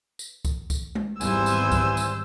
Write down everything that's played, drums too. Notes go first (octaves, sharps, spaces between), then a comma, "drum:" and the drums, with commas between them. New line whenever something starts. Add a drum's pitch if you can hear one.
drum: tambourine
drum: kick C2, tambourine
drum: kick C2, tambourine
drum: tom G#3
G#1 E2 E3 G3 B3 C5 G#5 E6, drum: tambourine
drum: tambourine
drum: kick C2, tambourine
drum: tambourine